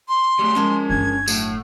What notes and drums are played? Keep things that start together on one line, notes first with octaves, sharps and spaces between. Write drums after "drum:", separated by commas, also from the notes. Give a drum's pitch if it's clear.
C6
G3 A3
F3 G#3 A#3 C#4 A5
G1 G#6
A2 F#3, drum: tambourine